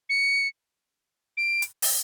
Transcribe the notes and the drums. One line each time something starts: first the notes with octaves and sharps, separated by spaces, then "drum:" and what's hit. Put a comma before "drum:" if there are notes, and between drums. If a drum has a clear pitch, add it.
C#7
D7
drum: hi-hat
drum: open hi-hat